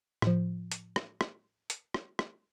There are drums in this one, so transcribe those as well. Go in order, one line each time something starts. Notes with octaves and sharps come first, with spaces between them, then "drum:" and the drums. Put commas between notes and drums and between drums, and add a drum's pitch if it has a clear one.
A2 F3, drum: rim click
drum: hi-hat
drum: rim click
drum: rim click
drum: hi-hat
drum: rim click
drum: rim click